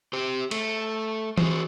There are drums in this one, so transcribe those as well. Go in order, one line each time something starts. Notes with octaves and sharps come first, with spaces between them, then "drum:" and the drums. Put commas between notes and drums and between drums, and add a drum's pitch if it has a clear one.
G4 C5
A3, drum: cymbal
F#4 G#4 C5, drum: tom